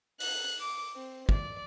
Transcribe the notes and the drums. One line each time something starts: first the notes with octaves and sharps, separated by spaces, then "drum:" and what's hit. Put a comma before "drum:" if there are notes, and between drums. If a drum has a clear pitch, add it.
F#6, drum: open hi-hat
D6
C4
D5, drum: kick